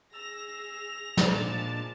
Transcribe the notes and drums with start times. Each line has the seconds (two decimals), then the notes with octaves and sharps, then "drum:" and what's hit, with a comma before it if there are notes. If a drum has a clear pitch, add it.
0.14 G#4 E6 A#6 F7
1.17 drum: snare
1.27 A#2 F3 G#3 D4 A5